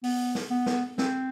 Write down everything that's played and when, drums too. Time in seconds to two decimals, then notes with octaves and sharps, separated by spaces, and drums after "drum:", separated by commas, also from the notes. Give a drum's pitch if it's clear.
0.04 B3, drum: open hi-hat
0.35 drum: snare
0.50 B3
0.66 drum: snare
0.98 C4, drum: snare